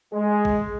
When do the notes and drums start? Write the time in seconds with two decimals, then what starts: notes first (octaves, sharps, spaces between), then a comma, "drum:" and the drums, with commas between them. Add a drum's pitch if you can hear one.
0.12 G#3
0.45 drum: kick A1